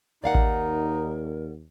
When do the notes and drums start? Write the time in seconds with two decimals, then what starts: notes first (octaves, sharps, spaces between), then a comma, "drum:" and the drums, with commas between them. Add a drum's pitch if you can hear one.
0.24 D#2 D#4 A#4 D5 F5 F#5
0.35 drum: kick A1